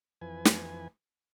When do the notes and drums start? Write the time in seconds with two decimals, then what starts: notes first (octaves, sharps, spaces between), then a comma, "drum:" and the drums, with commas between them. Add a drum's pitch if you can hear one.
0.21 F2 E3 B4 G#5
0.45 drum: snare